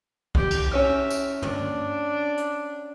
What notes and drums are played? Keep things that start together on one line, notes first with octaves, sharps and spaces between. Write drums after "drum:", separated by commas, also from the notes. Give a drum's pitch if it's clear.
G4, drum: kick B1
drum: cymbal
C#4 C#5 E5 F6
drum: tambourine
D4, drum: tom
drum: hi-hat